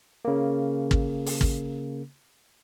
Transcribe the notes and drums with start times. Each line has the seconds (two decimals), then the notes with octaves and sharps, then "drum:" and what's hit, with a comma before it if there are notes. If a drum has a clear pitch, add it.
0.25 C#3 A#3
0.91 drum: kick
1.26 drum: open hi-hat
1.41 drum: kick